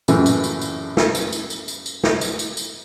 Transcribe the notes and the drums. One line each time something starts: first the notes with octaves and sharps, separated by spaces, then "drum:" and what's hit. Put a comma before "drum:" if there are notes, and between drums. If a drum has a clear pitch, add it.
A#1 F#2 A2 C#3 E3 F#3, drum: tambourine
drum: tambourine
drum: tambourine
drum: tambourine
drum: snare
drum: tambourine
drum: tambourine
drum: tambourine
drum: tambourine
drum: tambourine
drum: snare
drum: tambourine
drum: tambourine
drum: tambourine